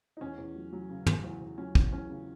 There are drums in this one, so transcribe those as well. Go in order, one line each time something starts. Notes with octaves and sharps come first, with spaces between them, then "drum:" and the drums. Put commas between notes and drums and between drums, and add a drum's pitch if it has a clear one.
D#4
E2 C#4
E2
F#3
F#3
C#3
C#3, drum: tom
E2
E2
F#3 C#4
E2, drum: kick
E2 C#4
C#3